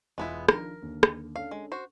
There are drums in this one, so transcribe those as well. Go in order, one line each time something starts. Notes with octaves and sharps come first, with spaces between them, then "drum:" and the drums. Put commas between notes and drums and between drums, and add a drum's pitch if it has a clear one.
E1 G#3 B3 E4 F4
D#3 F3 D4 A#4, drum: rim click
D#2 D3
drum: rim click
C#4 D4 A4 F5
G#3
F#4 C5